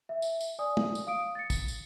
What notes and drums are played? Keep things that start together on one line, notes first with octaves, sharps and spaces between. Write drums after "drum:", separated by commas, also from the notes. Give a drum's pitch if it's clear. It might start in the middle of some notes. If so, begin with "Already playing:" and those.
E5
drum: tambourine
drum: tambourine
D5 G#5 D#6
drum: tom
drum: tambourine
F5 D#6 D7
A6 C#7
drum: kick, tambourine
drum: tambourine